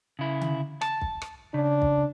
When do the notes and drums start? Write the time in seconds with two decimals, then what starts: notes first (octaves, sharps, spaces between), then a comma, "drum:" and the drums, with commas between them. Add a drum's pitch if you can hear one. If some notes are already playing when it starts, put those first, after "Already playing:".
0.19 C#3 E4
0.41 drum: tom D3
0.81 A5, drum: rim click
1.02 drum: kick
1.22 drum: rim click
1.54 C#3 D4
1.82 drum: kick